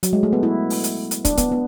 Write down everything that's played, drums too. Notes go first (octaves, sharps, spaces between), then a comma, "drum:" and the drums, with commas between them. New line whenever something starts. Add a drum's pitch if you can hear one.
F#3, drum: hi-hat
G#3
A3
B3
E4
drum: open hi-hat
drum: hi-hat
drum: hi-hat
D4, drum: kick, hi-hat
B3, drum: kick, hi-hat
B3